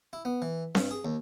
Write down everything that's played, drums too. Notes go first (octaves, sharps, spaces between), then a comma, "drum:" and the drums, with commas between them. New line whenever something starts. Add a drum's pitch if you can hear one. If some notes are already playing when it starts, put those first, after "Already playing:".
E4
B3
E3
G2, drum: snare C4
G#4
D#2